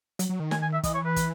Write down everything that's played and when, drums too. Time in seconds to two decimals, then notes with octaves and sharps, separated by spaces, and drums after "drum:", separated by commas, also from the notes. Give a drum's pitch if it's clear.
0.19 F#3, drum: hi-hat
0.29 F#3
0.40 D#3
0.51 G#5, drum: snare
0.62 G#5
0.73 E5
0.83 E3 D#5, drum: kick, hi-hat
0.94 C#5
1.05 B4
1.16 drum: kick, hi-hat